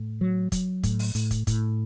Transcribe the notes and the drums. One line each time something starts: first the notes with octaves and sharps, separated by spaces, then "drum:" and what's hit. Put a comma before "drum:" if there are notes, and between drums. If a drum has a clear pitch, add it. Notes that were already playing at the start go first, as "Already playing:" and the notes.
Already playing: A2
F#3
F#3, drum: kick, hi-hat
A2, drum: kick, hi-hat
drum: open hi-hat
A2, drum: hi-hat
drum: kick, hi-hat
A2, drum: kick, hi-hat